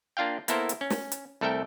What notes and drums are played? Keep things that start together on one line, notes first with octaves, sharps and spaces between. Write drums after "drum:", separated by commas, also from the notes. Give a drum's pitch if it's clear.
A#3 D4 F4 F5 G5
A#3 B3 E4 A4 A#4 C5, drum: hi-hat
drum: hi-hat
C#4
drum: snare
drum: hi-hat
C2 A3 A4 A#4 E5 G5